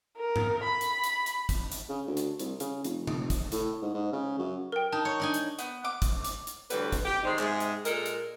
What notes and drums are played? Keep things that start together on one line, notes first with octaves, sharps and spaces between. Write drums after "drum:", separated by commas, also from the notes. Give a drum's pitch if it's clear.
A#4
drum: tom G#2
B5
drum: hi-hat
drum: hi-hat
drum: hi-hat
drum: kick, hi-hat
drum: hi-hat
C#3
D2
drum: hi-hat
C2, drum: hi-hat
C#3, drum: hi-hat
F1, drum: hi-hat
drum: tom C3
drum: kick, hi-hat
A2, drum: hi-hat
G#2
G#2
C#3
F#2
A#4 G5
D#4 A5
C#5
D4 D#4 G#5
drum: hi-hat
B3, drum: hi-hat
D6
drum: kick, hi-hat
drum: hi-hat
drum: hi-hat
D2 A2 E3 G3 B4, drum: hi-hat
drum: kick, hi-hat
G4
D#3 G3 G#3 D#4 C5
G#2 C3 G#3, drum: clap
drum: hi-hat
A#2 G#3 A4 A#4, drum: hi-hat
drum: hi-hat